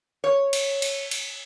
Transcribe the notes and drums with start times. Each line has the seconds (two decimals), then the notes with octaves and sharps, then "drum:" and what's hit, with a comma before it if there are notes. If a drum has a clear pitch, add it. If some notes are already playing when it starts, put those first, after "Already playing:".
0.24 C#5
0.53 drum: cymbal
0.82 drum: cymbal
1.11 drum: cymbal